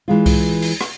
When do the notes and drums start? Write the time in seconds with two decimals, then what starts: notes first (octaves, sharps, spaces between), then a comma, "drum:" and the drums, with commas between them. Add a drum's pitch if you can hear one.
0.08 E3 G#3 F4
0.26 drum: kick C2, open hi-hat
0.62 drum: open hi-hat
0.81 drum: rim click